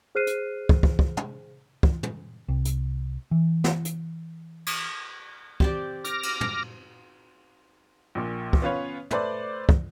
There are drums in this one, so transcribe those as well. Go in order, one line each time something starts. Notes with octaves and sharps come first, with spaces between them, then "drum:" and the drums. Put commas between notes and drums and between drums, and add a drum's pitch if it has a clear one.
G#4 C5 F6 F#6 C7 D#7
drum: hi-hat
drum: kick
drum: kick
drum: kick
drum: tom
drum: kick
drum: tom
C2
drum: hi-hat
E3
drum: snare
drum: hi-hat
drum: cymbal
C4 G4 D5, drum: kick
D6 F6 A#6, drum: hi-hat
drum: cymbal
drum: tom
A#1 A#2
drum: kick
B3 C#4 F4 B4 C#5
A3 B4 C5 D5, drum: tom
drum: kick